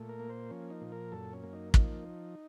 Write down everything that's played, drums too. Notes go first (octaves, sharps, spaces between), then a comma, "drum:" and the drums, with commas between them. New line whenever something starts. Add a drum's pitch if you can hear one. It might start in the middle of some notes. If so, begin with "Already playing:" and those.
Already playing: A#2 A3
A#4
A#3
C5
F3 C#4
D#4
A#2
A#4
F#2 A4
C#4
A#3
D#4
F3 D#4, drum: kick